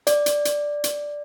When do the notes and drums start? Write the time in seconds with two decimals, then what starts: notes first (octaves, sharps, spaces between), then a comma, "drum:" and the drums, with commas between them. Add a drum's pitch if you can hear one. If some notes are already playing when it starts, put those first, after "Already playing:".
0.07 D5, drum: hi-hat
0.26 drum: hi-hat
0.45 drum: hi-hat
0.84 drum: hi-hat